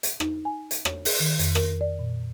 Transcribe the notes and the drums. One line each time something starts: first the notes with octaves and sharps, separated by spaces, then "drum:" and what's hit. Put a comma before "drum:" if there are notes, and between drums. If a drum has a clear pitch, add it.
drum: hi-hat
D#4, drum: rim click
G#5
drum: hi-hat
C#5, drum: rim click
G#4, drum: open hi-hat
D#3
F2, drum: hi-hat
A#4, drum: rim click
D5
A#2